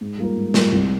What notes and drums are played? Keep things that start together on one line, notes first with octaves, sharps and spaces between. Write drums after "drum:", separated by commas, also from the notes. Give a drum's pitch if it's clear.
G#2
G3 A#3 F4 A#4
G#2
G3 A#3 F4 A#4, drum: snare A3
C2